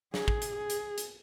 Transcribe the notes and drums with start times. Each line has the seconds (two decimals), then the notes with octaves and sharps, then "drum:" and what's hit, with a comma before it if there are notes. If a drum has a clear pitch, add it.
0.14 G#4, drum: snare
0.28 drum: kick
0.42 drum: hi-hat
0.56 G#4
0.70 drum: hi-hat
0.98 drum: hi-hat